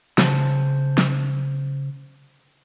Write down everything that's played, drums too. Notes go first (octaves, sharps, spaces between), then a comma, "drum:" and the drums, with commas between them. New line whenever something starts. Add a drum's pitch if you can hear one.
C#3 C5 A5, drum: snare
drum: snare